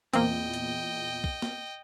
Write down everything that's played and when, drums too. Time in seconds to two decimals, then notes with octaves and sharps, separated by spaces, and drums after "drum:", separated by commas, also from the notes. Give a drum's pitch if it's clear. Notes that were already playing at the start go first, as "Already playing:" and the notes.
0.14 E2 A#2 A#3 C4 D#5 G5, drum: hi-hat
0.54 drum: hi-hat
1.24 drum: kick
1.42 drum: snare